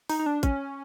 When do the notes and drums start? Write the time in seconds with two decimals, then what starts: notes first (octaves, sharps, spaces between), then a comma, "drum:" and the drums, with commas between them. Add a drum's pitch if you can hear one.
0.09 D#4, drum: open hi-hat
0.19 D#4
0.26 D4
0.43 C#4, drum: kick, hi-hat